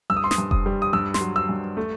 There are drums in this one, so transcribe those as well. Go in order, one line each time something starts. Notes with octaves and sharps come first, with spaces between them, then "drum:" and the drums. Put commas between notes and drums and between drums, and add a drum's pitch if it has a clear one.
G2 E6
D#6
C6
D#6, drum: snare
G2
D#6, drum: kick F1
G3
D#6
G2 E6
C6, drum: snare
F#3
E6
G2
A3